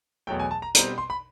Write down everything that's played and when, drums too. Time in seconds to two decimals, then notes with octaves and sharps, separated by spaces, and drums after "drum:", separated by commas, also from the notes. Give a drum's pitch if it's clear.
0.27 E2 B2 F#3 A3 G5
0.39 G#5
0.51 A5
0.62 A#5
0.75 B2 G3 C4 A#5, drum: hi-hat
0.98 C6
1.10 B5